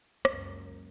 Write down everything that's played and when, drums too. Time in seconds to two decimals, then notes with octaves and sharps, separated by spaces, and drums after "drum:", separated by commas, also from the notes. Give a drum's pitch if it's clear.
0.25 C#2 F#2 A#3, drum: rim click